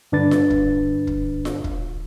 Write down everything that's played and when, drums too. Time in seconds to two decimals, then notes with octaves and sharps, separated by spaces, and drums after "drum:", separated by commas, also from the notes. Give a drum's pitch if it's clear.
0.12 G2 D3 D4 B4 A6
0.31 drum: snare F4
0.50 drum: kick
1.07 drum: kick
1.45 drum: snare F4
1.64 drum: kick